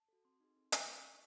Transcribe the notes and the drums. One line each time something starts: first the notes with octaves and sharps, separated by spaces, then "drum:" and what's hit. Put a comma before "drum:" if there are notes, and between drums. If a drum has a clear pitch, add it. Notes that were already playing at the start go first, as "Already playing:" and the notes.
Already playing: A5
F#4 A4
C4 C6
D#4 G#4
C4
F#4 A4, drum: hi-hat
D#4 C#6
G#4